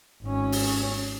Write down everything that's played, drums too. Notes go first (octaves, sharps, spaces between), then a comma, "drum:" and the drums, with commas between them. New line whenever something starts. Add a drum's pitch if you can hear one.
G#1 C#4
drum: open hi-hat